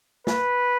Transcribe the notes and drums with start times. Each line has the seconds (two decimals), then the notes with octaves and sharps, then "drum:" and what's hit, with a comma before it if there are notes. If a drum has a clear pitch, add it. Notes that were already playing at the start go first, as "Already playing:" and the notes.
0.27 B4, drum: snare